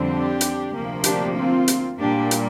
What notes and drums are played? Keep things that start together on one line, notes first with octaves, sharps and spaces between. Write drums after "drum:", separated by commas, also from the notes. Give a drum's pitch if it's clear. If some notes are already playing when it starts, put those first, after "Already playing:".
Already playing: F2 D3 G3 C4
D4 G4
drum: hi-hat
D2 C3 F3 A#3
D4 G4, drum: hi-hat
C4 F4
drum: hi-hat
A#2 G3 A#3 D4 G4
drum: hi-hat